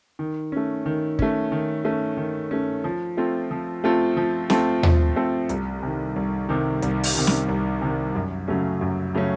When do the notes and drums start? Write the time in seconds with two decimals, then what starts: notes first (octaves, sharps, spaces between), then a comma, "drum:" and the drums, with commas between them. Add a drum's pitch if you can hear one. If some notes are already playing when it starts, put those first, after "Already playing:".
0.19 D#3
0.52 A3 C#4
0.86 D#3
1.19 A3 C#4, drum: kick
1.52 D#3
1.85 A3 C#4
2.17 D#3
2.51 A3 C#4
2.84 F3
3.17 A3 C4 F4 A4
3.51 F3
3.84 A3 C4 F4 A4
4.17 F3
4.50 A3 C4 F4 A4, drum: snare
4.83 F3, drum: tom D#2
5.16 A3 C4 F4 A4
5.49 C2, drum: hi-hat
5.83 C3 D#3
6.16 C2
6.49 C3 D#3
6.82 C2, drum: hi-hat
7.03 drum: open hi-hat
7.15 C3 D#3
7.27 drum: snare
7.49 C2
7.82 C3 D#3
8.15 F#2
8.48 C#3 F#3 A3 C#4
8.81 F#2
9.15 C#3 F#3 A3 C#4